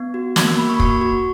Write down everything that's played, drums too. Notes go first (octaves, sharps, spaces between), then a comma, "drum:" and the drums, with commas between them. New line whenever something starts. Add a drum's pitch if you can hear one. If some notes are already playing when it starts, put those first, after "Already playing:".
Already playing: B3
F#4
A#3 G#6, drum: snare
E6
A#3 B5
C#6
B5
F#4 C#6, drum: kick
F#4